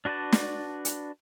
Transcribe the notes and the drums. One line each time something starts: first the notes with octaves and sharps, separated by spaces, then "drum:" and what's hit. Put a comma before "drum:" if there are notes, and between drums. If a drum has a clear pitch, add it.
D4 F#4 B4 D5 A5
drum: snare
drum: hi-hat